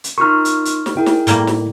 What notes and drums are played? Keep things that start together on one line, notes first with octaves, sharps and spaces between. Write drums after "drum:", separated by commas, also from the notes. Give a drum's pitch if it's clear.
drum: hi-hat
D#4 F4 A#4 C#6 F6
drum: hi-hat
drum: hi-hat
drum: snare
E4 G#4 A#4 G5
drum: snare
A2 G3 A#3, drum: hi-hat
drum: snare